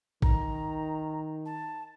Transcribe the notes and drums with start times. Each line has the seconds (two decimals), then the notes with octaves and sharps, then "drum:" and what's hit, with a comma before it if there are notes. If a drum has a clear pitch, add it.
0.22 D#3 A#5, drum: kick A1
1.45 A5